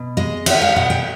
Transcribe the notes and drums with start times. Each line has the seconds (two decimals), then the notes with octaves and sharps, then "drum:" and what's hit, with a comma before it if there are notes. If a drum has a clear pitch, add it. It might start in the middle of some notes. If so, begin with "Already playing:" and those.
Already playing: B2
0.17 G#3 D#5
0.46 B3 E5, drum: cymbal
0.62 F5
0.76 B2 F#5
0.90 G5